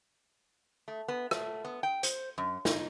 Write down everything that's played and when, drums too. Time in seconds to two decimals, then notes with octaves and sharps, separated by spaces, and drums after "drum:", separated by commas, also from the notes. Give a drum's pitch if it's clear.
0.88 A3
1.08 B3
1.31 A3, drum: rim click
1.65 B3
1.83 G5
2.03 C5, drum: hi-hat
2.38 F#2
2.65 D#4, drum: snare